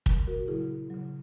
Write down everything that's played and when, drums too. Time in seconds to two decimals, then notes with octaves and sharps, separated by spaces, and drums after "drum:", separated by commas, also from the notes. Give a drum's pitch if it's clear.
0.06 A#2 F#3, drum: kick
0.27 F#4 A#4
0.48 C#3 F#3 E4 G#4
0.90 C#3 F#3